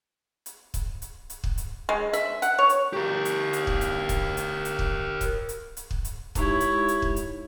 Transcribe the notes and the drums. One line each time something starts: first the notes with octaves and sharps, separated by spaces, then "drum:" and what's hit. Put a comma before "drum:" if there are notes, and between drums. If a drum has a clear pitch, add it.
drum: hi-hat
drum: kick, hi-hat
drum: hi-hat
drum: hi-hat
drum: kick
drum: hi-hat
G#3
E5, drum: hi-hat
F#5, drum: hi-hat
C#5
drum: hi-hat
G4 A#4
drum: hi-hat
drum: hi-hat
drum: kick
drum: hi-hat
drum: kick, hi-hat
drum: hi-hat
drum: hi-hat
drum: kick
drum: kick, hi-hat
drum: hi-hat
drum: hi-hat
drum: kick
drum: hi-hat
G#3 D#4 E4 G4 C#5, drum: kick, hi-hat
drum: hi-hat
drum: hi-hat
drum: kick
drum: hi-hat